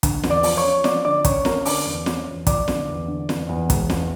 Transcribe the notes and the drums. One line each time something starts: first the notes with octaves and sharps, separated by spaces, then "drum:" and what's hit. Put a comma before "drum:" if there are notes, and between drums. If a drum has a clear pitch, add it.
D3, drum: kick, hi-hat
E2, drum: snare
D5 D6
F3, drum: open hi-hat
C#5 C#6
C#4
F3 D5 D6, drum: snare
D3 D5 D6
C#4 C#5 C#6, drum: kick, hi-hat
C#4 A#4 A#5, drum: snare
D3 D5 D6, drum: open hi-hat
E2
C#4, drum: snare
E2
F3 D5 D6, drum: kick, hi-hat
D3, drum: snare
E2
D3
E2, drum: snare
E2
E1, drum: kick, hi-hat
E2, drum: snare